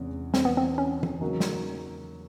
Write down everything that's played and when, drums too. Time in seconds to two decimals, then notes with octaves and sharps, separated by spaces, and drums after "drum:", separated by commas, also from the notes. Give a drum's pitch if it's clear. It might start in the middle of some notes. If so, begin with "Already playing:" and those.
Already playing: E2 C3 E3 G#3 C#4
0.34 C4, drum: snare
0.45 B3
0.57 C4
0.78 C#4
1.03 drum: tom
1.21 C#3 F#3 A#3 D#4
1.40 drum: snare